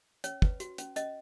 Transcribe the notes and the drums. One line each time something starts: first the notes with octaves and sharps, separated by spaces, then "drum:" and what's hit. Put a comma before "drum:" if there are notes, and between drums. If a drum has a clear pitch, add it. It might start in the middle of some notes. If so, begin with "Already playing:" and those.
C#4 C#5, drum: hi-hat
B4, drum: kick
F#4, drum: hi-hat
C#4, drum: hi-hat
C#4 D#5, drum: hi-hat